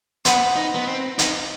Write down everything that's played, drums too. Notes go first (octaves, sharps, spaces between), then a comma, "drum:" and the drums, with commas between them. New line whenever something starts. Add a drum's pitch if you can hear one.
B3 C5 F#5 B5 D#6, drum: hi-hat
D#4
B3
C4
D#4, drum: hi-hat